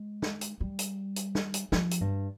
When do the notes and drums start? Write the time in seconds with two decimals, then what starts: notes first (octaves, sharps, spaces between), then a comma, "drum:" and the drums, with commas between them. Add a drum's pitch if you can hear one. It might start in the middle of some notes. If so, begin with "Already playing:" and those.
Already playing: G#3
0.22 drum: snare
0.41 drum: hi-hat
0.60 G3
0.79 drum: hi-hat
1.16 drum: hi-hat
1.35 drum: snare
1.54 drum: hi-hat
1.72 F3, drum: snare
1.91 drum: hi-hat
2.01 G2